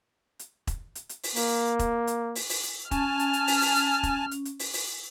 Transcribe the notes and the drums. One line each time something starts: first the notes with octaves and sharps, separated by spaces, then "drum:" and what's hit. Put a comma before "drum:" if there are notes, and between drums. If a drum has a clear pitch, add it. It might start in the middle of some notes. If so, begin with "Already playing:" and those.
drum: hi-hat
drum: kick E1, hi-hat
drum: hi-hat
drum: hi-hat
drum: open hi-hat
A#3, drum: open hi-hat
drum: kick E1, hi-hat
drum: hi-hat
drum: open hi-hat
drum: open hi-hat
drum: hi-hat
C#4 G#5 A5 F6, drum: kick E1, hi-hat
drum: hi-hat
drum: hi-hat
drum: open hi-hat
drum: open hi-hat
drum: hi-hat
drum: kick E1, hi-hat
drum: hi-hat
drum: hi-hat
drum: open hi-hat
drum: open hi-hat